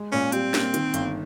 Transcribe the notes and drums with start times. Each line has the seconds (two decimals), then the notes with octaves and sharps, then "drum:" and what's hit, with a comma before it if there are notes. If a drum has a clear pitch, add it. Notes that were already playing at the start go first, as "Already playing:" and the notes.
Already playing: G#3
0.12 A#2 C#4
0.32 G3 C4, drum: hi-hat
0.54 A#3, drum: snare
0.74 D#3, drum: hi-hat
0.94 G1, drum: hi-hat